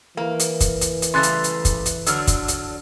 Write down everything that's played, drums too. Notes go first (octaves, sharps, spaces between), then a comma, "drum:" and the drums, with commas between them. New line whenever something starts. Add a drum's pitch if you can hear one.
E3 A#3
drum: hi-hat
drum: kick, hi-hat
drum: hi-hat
drum: hi-hat
C#3 G3 A3 C6 F#6 A6
drum: hi-hat
drum: hi-hat
drum: kick, hi-hat
drum: hi-hat
D3 F#3 D4 E6 F6, drum: hi-hat
drum: kick, hi-hat
drum: hi-hat